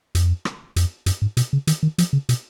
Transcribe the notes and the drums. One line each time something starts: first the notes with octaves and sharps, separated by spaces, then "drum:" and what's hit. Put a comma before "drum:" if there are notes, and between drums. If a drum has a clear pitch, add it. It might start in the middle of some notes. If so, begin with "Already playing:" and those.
F2, drum: hi-hat
drum: rim click
F2, drum: hi-hat
F#2, drum: hi-hat
G#2
B2, drum: hi-hat
C#3
D#3, drum: hi-hat
D#3
F3, drum: hi-hat
C#3
B2, drum: hi-hat